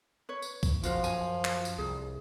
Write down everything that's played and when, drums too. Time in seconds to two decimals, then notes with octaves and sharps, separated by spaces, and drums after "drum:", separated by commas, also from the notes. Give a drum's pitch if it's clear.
0.29 B4 C#5
0.42 drum: tambourine
0.63 drum: kick, tambourine
0.84 A#1 F3 F4 F#4 C5, drum: tambourine
1.04 F#2 G#5, drum: tambourine
1.45 drum: clap
1.65 drum: tambourine
1.78 C2 G#4